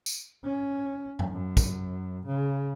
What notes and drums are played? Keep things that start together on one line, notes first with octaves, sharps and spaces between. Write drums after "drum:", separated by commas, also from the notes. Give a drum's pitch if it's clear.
drum: tambourine
C#4
drum: tom F#2
F#2
drum: kick, tambourine
C#3